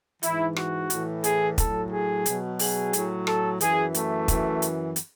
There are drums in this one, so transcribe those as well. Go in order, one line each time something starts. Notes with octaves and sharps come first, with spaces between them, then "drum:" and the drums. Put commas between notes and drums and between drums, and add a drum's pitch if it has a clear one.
G#2 E3 E4, drum: hi-hat
F#4, drum: rim click
A2 E3, drum: hi-hat
G#4, drum: hi-hat
A2 F#3 A4, drum: kick, hi-hat
G#4
B2 F#3, drum: hi-hat
G#4, drum: open hi-hat
A2 F#3, drum: hi-hat
A4, drum: rim click
F#2 E3 G#4, drum: hi-hat
A3, drum: hi-hat
F#2 E3, drum: kick, hi-hat
drum: hi-hat
drum: hi-hat